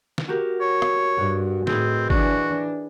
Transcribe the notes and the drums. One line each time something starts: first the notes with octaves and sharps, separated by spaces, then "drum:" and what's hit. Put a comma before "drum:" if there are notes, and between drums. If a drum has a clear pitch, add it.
drum: snare
F#4 G4 A#4
C#5
drum: rim click
G2 F#4
A2 C4 D#4 G#4 B4, drum: snare
E3 D4 F#4, drum: kick G1